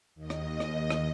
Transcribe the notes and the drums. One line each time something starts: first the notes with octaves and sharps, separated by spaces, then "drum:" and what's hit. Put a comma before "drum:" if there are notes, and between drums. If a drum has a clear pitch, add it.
D#2 D#5
drum: rim click
drum: rim click
drum: rim click